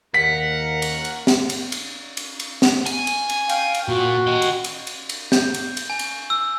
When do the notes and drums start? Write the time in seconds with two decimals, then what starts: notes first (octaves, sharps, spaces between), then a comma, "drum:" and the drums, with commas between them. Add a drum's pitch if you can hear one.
0.14 D#2 A#4 F#5 B6
0.82 drum: cymbal
1.05 drum: cymbal
1.27 drum: snare
1.50 drum: cymbal
1.72 drum: cymbal
2.17 drum: cymbal
2.40 drum: cymbal
2.62 drum: snare
2.86 G#5, drum: cymbal
3.07 drum: cymbal
3.29 drum: cymbal
3.49 F5 G5, drum: cymbal
3.74 drum: cymbal
3.88 A#2 F#4
4.27 G4 D#5
4.42 drum: cymbal
4.64 drum: cymbal
4.87 drum: cymbal
5.09 drum: cymbal
5.32 G6, drum: snare
5.54 drum: cymbal
5.77 drum: cymbal
5.90 G#5
5.99 drum: cymbal
6.30 E6